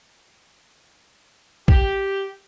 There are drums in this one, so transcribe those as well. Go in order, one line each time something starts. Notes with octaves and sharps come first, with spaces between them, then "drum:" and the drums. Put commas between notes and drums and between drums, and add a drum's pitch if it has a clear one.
G4, drum: kick